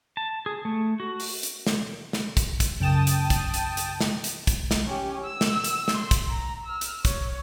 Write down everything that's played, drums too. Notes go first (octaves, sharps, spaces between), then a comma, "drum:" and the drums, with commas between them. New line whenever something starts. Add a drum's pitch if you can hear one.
A5
G#4
A3
F#4
drum: open hi-hat
drum: hi-hat
drum: snare
drum: snare
drum: kick, hi-hat
drum: kick, hi-hat
F#2 C#3 G5 A5 D#6 E7
drum: hi-hat
drum: kick, hi-hat
drum: hi-hat
drum: hi-hat
drum: snare
drum: hi-hat
drum: kick, hi-hat
drum: snare
C#4 G4
E6
drum: snare
drum: hi-hat
drum: snare
C6
drum: kick, hi-hat
A#5
E6 F6
drum: hi-hat
C#5, drum: kick, hi-hat